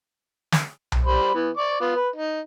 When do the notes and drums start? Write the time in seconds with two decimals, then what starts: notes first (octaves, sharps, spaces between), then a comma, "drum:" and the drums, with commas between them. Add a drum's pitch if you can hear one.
0.52 drum: snare
0.92 drum: tom B1
1.06 G3 C5 B5
1.34 E3 B3
1.57 D5 C#6 D6
1.81 B3 F4
1.96 B4
2.16 D#4